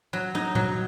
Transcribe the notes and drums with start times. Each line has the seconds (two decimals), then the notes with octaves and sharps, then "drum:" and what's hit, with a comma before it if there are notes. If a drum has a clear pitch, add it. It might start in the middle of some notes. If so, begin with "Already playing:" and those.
0.13 F#3
0.35 D#4
0.55 F#3, drum: tom A#2